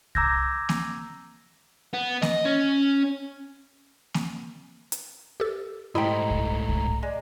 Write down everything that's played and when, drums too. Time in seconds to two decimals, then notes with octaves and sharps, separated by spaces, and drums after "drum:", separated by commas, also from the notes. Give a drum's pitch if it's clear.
0.15 A#5 D6 E6 G6 G#6 A#6, drum: kick C2
0.69 drum: snare A#3
1.94 B3
2.22 D#5, drum: snare A#3
2.45 C#4
4.14 drum: snare A#3
4.92 drum: hi-hat
5.40 G4 A4
5.95 G#2 A3 E4 G4 C5 D#5 A#5
6.30 drum: kick C2
6.69 drum: kick C2
7.03 G#3 D5